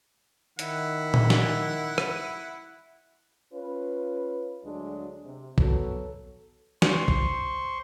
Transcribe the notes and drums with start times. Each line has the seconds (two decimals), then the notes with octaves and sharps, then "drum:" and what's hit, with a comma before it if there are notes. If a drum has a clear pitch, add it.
0.59 D#3 E4 F#5, drum: hi-hat
1.14 drum: tom A#2
1.30 drum: snare
1.98 drum: rim click
3.54 C#4 F4 B4
4.64 D2 F#3 G#3 D4
5.24 C3
5.58 F#3 B3 F#4 A4, drum: kick
6.82 C5 C6 C#6, drum: snare
7.08 drum: kick